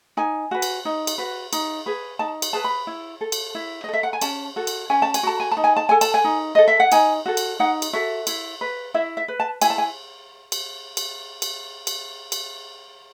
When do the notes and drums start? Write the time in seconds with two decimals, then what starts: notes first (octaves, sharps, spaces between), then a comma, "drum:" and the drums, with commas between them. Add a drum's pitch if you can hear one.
0.17 D#4 G#5
0.51 F#4 B4
0.62 drum: cymbal
0.85 D#4
1.07 drum: cymbal
1.18 F#4 B4
1.53 D#4, drum: cymbal
1.86 G#4 B4
2.19 D#4 A5
2.42 drum: cymbal
2.53 G#4 B4 A5
2.64 B5
2.87 E4
3.21 A4
3.32 drum: cymbal
3.55 E4
3.84 D#5
3.88 A4 E5
4.03 F#5
4.13 G#5
4.21 C#4 A5, drum: cymbal
4.56 F#4 A4
4.67 drum: cymbal
4.90 C#4 G#5
5.02 A5
5.14 G#5, drum: cymbal
5.23 F#4 A4 A5
5.40 G#5
5.51 A5
5.57 D#4
5.64 G#5
5.76 A5
5.89 A4 G#5
6.01 A5, drum: cymbal
6.14 G#5
6.24 D#4
6.55 A4 D#5
6.68 E5
6.80 F#5
6.92 D#4 G#5, drum: cymbal
7.26 F#4 A4
7.37 drum: cymbal
7.60 D#4 F#5
7.82 drum: cymbal
7.93 F#4 A4 E5
8.27 E4, drum: cymbal
8.61 B4
8.94 E4 E5
9.17 E5
9.28 B4
9.40 A5
9.62 E4 G#5, drum: cymbal
9.70 A5
9.78 G#5
10.52 drum: cymbal
10.97 drum: cymbal
11.42 drum: cymbal
11.87 drum: cymbal
12.32 drum: cymbal